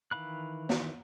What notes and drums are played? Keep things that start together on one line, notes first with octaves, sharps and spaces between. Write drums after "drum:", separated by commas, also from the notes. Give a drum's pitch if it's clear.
D#3 E3 F5 B5 F#6
drum: snare